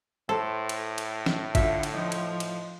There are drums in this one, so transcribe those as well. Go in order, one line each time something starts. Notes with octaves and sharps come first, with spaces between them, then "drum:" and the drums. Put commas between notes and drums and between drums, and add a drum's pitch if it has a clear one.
A2 A4 C5
drum: cymbal
drum: cymbal
drum: snare
D3 F4 E5, drum: kick G#1, cymbal
drum: cymbal
F3 D#4
drum: cymbal
drum: cymbal